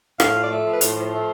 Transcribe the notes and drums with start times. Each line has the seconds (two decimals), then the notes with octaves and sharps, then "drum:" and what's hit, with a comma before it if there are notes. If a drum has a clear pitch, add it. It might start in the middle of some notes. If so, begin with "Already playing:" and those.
0.20 A2 F5, drum: rim click
0.35 F3
0.44 D5
0.50 A3 E5
0.66 F3
0.73 B4
0.81 A2 C5, drum: hi-hat
0.96 F3
1.12 A3